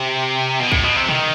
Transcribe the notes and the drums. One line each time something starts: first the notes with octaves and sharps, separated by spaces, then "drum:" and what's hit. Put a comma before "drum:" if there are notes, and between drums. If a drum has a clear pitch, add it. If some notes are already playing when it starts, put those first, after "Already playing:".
Already playing: C3
B2
A2, drum: kick
B2
C3
D#3, drum: tom B2